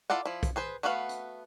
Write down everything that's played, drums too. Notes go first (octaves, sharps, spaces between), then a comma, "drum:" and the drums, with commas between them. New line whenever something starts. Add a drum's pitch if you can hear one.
E4 F4 A4 D5 F#5
F3 E4
drum: kick, hi-hat
G#4 B4 C5
A3 B3 F#4 B4 F5
drum: hi-hat